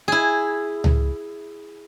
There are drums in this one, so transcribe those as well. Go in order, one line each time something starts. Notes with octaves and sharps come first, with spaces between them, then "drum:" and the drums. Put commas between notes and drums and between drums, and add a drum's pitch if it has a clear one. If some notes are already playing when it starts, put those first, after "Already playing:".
E4 G#4
drum: tom C#2